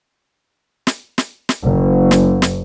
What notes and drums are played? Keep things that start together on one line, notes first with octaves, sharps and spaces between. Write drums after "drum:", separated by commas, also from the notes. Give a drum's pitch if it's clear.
drum: snare
drum: snare
drum: snare
F#1
drum: snare
drum: snare